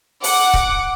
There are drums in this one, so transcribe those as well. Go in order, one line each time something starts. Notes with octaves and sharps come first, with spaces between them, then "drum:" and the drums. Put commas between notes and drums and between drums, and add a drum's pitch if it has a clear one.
F#5 D6, drum: open hi-hat
drum: kick C#1